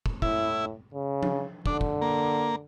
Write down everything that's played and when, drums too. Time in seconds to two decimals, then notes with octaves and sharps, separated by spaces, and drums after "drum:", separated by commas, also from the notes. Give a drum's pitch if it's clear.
0.06 drum: kick
0.22 A2 E4, drum: kick
0.94 C#3
1.23 drum: tom F3
1.66 D3 D4, drum: kick
1.81 drum: kick
2.02 A#3